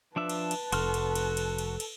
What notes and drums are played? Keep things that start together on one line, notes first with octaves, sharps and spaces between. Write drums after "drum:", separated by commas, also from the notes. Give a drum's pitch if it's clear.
F3 D4 B4 E5 A5
drum: cymbal
drum: cymbal
F1 F#4 A4 C6 F6, drum: cymbal
drum: cymbal
drum: cymbal
drum: cymbal
drum: cymbal
drum: cymbal